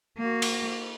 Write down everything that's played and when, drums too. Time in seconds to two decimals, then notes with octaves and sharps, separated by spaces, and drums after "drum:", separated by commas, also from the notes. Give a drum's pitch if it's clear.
0.18 A#3 F#4
0.42 drum: cymbal